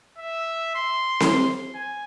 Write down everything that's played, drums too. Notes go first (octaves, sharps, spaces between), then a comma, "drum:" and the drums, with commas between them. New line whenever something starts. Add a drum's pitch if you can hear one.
E5
C6
drum: snare C4
G#5